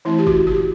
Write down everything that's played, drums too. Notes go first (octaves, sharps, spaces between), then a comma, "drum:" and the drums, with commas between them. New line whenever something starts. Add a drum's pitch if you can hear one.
E3 A3 C4 E4
G4
F#4, drum: kick
G4, drum: tom A2